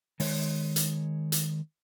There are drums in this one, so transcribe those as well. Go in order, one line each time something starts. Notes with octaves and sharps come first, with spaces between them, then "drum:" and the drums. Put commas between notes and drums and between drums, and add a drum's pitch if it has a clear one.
D#3 G#3 C#5, drum: open hi-hat
drum: hi-hat
drum: hi-hat